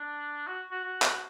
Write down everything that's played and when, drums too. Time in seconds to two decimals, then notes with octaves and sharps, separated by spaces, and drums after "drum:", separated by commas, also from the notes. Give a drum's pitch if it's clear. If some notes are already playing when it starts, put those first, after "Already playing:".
Already playing: D4
0.47 F#4
0.71 F#4
0.84 F#4
1.02 drum: clap